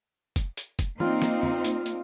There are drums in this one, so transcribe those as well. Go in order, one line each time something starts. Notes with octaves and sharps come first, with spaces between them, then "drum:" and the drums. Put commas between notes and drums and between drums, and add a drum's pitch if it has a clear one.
drum: kick, hi-hat
drum: hi-hat
drum: kick, hi-hat
A#3 C4 D#4 F4 D5, drum: tom E3
drum: snare
drum: tom
drum: hi-hat
drum: hi-hat